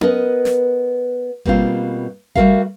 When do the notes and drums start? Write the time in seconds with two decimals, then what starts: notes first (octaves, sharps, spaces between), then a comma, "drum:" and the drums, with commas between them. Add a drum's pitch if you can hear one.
0.01 B3 A#4 B4 D#5, drum: tom C#4
0.45 drum: snare
1.46 B2 G3 A#3 C4 F4, drum: kick G#1
2.35 G3 A3 F#4 A#4 E5 F5, drum: kick G#1